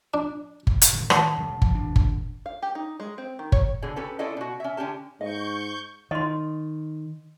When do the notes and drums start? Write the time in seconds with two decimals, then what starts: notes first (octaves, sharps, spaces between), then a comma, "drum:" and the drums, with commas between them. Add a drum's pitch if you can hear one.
0.14 D4
0.67 drum: kick G1
0.82 drum: hi-hat
0.93 A2 D3
1.10 D#3 F#5 A5, drum: rim click
1.37 E1 C#3 G3
1.62 F3, drum: kick G1
1.75 D#2 D4
1.96 drum: kick G1
2.46 F5
2.62 G4
2.75 D#4
3.00 G#3
3.18 C4
3.39 D#3
3.52 C#5, drum: kick G1
3.82 B2 D3 G#4
3.96 C#4 G4 A4 B4
4.19 C#4 E4 F4 A4 D5 D#5
4.37 B2 F#4
4.60 C#4 E5
4.77 D3 C#4 D4 G4 A5
5.21 G#2 D#5 C#6 G6
6.11 D#3 D#5 C6